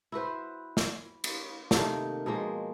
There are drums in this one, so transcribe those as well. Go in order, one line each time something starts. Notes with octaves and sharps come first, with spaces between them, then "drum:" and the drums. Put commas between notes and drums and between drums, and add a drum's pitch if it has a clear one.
E4 F#4 B4 C5
drum: snare
drum: cymbal
C3 D#3 A3 A#3, drum: snare
B2 F3 G#3 A#3